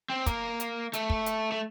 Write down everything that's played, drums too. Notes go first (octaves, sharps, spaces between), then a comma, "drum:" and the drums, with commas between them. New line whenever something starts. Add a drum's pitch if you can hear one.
C4
A#3, drum: kick, hi-hat
drum: hi-hat
A3, drum: hi-hat
drum: kick
drum: hi-hat
A3